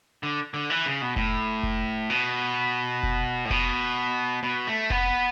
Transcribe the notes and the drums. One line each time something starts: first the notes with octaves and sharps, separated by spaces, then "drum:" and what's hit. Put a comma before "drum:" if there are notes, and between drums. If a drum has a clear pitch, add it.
D3
D3
E3
C#3
B2
A2, drum: kick F1
drum: kick F1
B2
drum: kick F1
A2
B2, drum: kick F1
B2
A3
B3, drum: kick F1